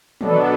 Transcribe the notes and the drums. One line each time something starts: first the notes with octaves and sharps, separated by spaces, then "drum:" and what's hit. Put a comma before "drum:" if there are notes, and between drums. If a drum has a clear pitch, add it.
B2 F#3 B3 D4 A4, drum: tom